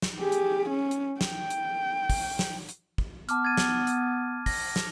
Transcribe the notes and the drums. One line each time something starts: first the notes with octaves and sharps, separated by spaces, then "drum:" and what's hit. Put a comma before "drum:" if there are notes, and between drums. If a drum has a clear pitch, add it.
drum: snare
G4 G#4
drum: hi-hat
C#4
drum: hi-hat
G5, drum: snare
drum: hi-hat
drum: kick, open hi-hat
drum: snare
drum: hi-hat
drum: kick
B3 A5 D6 F6, drum: hi-hat
G#6 A6 D#7
drum: snare
drum: hi-hat
A#6, drum: kick, open hi-hat
drum: snare